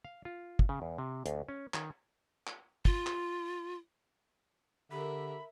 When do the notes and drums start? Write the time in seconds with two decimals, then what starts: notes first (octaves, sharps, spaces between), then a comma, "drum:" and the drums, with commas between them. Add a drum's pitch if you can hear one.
0.04 F5
0.25 F4
0.59 drum: kick
0.69 C#3
0.82 E2
0.98 C3
1.26 D2, drum: hi-hat
1.49 C#4
1.74 D#3, drum: clap
2.47 drum: clap
2.85 F4, drum: kick
3.07 drum: clap
4.91 D3 G4 A#4 E5 B5